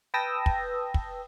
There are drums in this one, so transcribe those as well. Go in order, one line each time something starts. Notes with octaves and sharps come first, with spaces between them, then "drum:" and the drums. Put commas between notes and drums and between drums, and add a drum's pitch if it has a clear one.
B4 G5 A5 D#6 E6 A#6
drum: kick
drum: kick